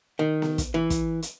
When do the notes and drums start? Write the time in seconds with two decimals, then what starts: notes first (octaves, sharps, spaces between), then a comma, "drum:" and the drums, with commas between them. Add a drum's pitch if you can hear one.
0.19 D#3
0.42 drum: snare B3
0.58 drum: kick, hi-hat
0.74 E3
0.90 drum: kick, hi-hat
1.22 drum: hi-hat